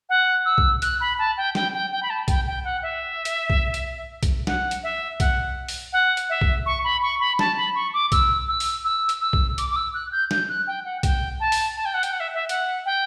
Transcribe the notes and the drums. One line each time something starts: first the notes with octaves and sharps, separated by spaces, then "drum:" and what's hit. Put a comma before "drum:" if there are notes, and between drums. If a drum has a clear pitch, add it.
F#5
E6
drum: kick B1
F#6, drum: hi-hat
B5
A5
G5
G5, drum: snare
G5
G5
B5
A5
G5, drum: kick B1, hi-hat
G5
F#5
E5
drum: hi-hat
drum: kick B1
drum: hi-hat
drum: kick B1, hi-hat
F#5, drum: snare
drum: hi-hat
E5
F#5, drum: kick B1, hi-hat
drum: open hi-hat
F#5
drum: hi-hat
E5
drum: kick B1
C#6
B5
C#6
B5
A5, drum: snare
B5
C#6
D6
E6, drum: kick B1, hi-hat
E6
drum: open hi-hat
E6
drum: hi-hat
E6
drum: kick B1
D6, drum: hi-hat
D6
E6
F#6
G6
G6, drum: snare
F#6
G5
F#5
G5, drum: kick B1, hi-hat
A5
drum: open hi-hat
A5
G5
F#5
G5, drum: hi-hat
F#5
E5
E5
F#5, drum: hi-hat
G5